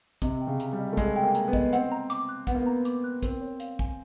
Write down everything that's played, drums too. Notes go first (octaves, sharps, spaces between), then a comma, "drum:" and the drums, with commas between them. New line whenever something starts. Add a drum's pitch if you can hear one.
C3 D#5, drum: kick, hi-hat
G5
C#3
A#5, drum: hi-hat
G3
D#5
A3
G#3 D#5, drum: kick, hi-hat
G5
A#3
A#5, drum: hi-hat
B3
D#5, drum: kick
C4 F#5, drum: hi-hat
A#5
D6, drum: hi-hat
F#6
B3 F#5, drum: kick, hi-hat
A#3
B3 A#5
D6, drum: hi-hat
F#6
C4 A#4, drum: kick, hi-hat
C#5
F5, drum: hi-hat
G#5, drum: kick